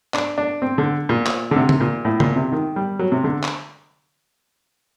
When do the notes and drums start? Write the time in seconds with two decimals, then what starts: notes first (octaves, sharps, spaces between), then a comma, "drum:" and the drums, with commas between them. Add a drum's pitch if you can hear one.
0.14 D4, drum: clap
0.38 D4
0.62 C4
0.78 D3
1.09 A#2
1.27 drum: clap
1.51 D3
1.56 C3
1.69 drum: tom C#3
1.80 A#2
2.05 A2
2.20 A#2, drum: tom C#3
2.36 C3
2.52 D#3
2.76 G3
2.99 F#3
3.12 C3
3.24 D3
3.43 drum: clap